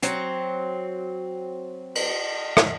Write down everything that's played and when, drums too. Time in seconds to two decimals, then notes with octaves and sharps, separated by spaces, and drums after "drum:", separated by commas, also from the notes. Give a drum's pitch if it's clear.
0.03 F#3 C4, drum: hi-hat
1.95 drum: cymbal
2.57 drum: rim click